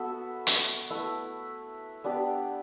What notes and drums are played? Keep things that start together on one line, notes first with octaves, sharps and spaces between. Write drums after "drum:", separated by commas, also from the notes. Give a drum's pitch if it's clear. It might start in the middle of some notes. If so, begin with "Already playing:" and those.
Already playing: B3 F#4 A4 E5
drum: hi-hat
A3 E4 B4
B3 D4 G4 B4